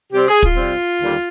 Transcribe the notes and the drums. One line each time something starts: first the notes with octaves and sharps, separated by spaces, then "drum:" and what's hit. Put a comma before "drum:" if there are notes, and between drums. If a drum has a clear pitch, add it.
C3 G3 C4 G4
G#4
F4, drum: kick
C3 G3 C4
D#2 D3 G3